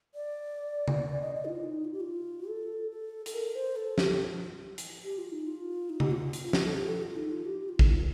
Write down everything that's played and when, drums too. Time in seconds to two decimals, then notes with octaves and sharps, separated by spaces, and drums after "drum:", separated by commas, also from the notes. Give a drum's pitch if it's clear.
0.15 D5
0.88 drum: tom C#3
1.21 D#5
1.35 D#5
1.45 D#4
1.49 F4
1.64 D#4
1.85 F4
1.93 G4
2.01 F4
2.49 A4
2.91 A4
3.26 A4, drum: hi-hat
3.34 A#4
3.55 C5
3.76 A4
3.98 G4, drum: snare
4.78 drum: hi-hat
5.04 G4
5.18 F4
5.32 D#4
5.47 F4
5.90 D#4
6.00 G4, drum: tom C#3
6.11 F4
6.33 drum: hi-hat
6.53 drum: snare
6.65 A4
6.75 G4
6.88 A4
7.03 F4
7.16 D#4
7.31 F4
7.45 G4
7.60 G4
7.69 F4
7.79 D#4, drum: kick A1
7.89 F4